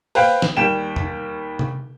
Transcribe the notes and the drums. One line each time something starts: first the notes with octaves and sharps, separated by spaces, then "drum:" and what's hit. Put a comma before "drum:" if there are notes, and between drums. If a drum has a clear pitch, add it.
B4 C5 F5 G5, drum: open hi-hat
drum: snare
D#2 G3 G5 E7
drum: tom
drum: tom C3